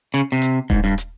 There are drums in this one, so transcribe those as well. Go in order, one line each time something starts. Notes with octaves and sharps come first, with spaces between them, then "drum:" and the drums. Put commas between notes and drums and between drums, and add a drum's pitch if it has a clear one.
C#3
C3
drum: hi-hat
G#2, drum: kick D#1
G2
drum: hi-hat